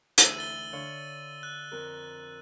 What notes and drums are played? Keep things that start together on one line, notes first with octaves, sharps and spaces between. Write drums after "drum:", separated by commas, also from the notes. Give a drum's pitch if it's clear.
D2 E3 E6 D#7 F#7, drum: hi-hat
E6 A6 G7
D3 C#5 F5
F#6
F2 A#4